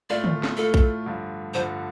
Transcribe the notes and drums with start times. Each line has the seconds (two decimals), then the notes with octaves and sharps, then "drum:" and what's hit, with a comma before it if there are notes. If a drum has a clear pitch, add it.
0.10 A2 A3 F4 D5
0.24 drum: tom D3
0.44 drum: snare
0.57 A2 A3 F4 A4
0.74 drum: kick
1.06 G2 D3 F3
1.54 G2 D3 F3 C5